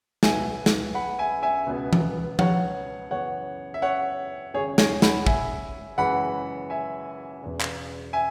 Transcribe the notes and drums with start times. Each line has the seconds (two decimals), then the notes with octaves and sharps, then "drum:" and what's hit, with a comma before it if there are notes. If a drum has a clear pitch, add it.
0.23 B1 B2 B3 E5 G#5, drum: snare
0.66 drum: snare
0.95 F#5 B5
1.19 E5 G#5
1.43 E5 G#5
1.66 C#2 B2 B3
1.93 drum: tom E3
2.39 C#5 F#5, drum: tom F3
3.10 F#2 C#3 E3 B3 C#5 F#5
3.74 E5
3.82 C#5 F#5
4.54 G#1 F#2 C#3 G#4 C#5
4.78 G#4 C#5, drum: snare
5.02 F#5 B5, drum: snare
5.26 E5 G#5, drum: kick
5.98 F#1 F#2 E3 G#3 F#5 B5
6.70 E5 G#5
7.42 E1 E2 C#3
7.61 drum: clap
8.13 E5 G#5